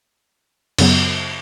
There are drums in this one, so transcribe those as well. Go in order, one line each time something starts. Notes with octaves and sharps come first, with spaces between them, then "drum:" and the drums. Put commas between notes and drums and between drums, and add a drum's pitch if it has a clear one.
F#2 C#3 F#3 B3, drum: cymbal